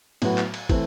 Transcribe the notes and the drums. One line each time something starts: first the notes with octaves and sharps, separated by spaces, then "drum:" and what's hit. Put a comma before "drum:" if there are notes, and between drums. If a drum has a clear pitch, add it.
A2 F#3 B3 F#4, drum: cymbal
drum: clap
drum: cymbal
E3 A3 C4, drum: kick, cymbal